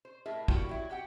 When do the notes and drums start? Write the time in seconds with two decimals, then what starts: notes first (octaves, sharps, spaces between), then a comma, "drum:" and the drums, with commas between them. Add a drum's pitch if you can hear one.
0.05 C5
0.26 A2 G#4 A#4 E5
0.48 G3 A#3 E4 F#4 G4, drum: kick
0.69 F#3 E4 G4
0.90 C3 G4 F#5 G5